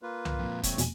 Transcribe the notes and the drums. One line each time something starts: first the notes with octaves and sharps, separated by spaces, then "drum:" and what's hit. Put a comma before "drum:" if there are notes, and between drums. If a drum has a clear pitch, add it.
A#3 F4 B4
drum: tom C2
F2 A#2
A3 C4 C#5, drum: kick, hi-hat
E2 B2 G#5, drum: hi-hat